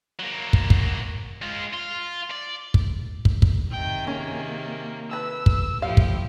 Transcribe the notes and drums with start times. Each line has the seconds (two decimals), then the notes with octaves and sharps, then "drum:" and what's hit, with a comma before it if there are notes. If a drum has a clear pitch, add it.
0.19 F#3 A#3
0.53 drum: kick
0.70 drum: kick
1.42 G#3 F4
1.73 F4
2.30 D5
2.74 drum: kick
3.25 drum: kick
3.42 drum: kick
3.71 C3 D#3 G5
4.07 A#3 C#4 G#4
5.11 A4 B4 E6
5.46 drum: kick
5.82 A2 F3 E4 G4 F5
5.97 drum: kick